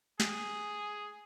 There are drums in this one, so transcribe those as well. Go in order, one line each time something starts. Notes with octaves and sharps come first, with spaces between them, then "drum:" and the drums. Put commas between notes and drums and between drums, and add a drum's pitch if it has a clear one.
G#4, drum: snare